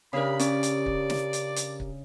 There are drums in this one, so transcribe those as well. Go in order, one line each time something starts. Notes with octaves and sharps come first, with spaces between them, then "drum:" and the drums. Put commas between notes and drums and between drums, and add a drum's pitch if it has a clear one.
C#3 D4 G4 A#4 B5
C#4 D5, drum: hi-hat
drum: hi-hat
drum: kick
drum: snare
drum: hi-hat
drum: hi-hat
drum: kick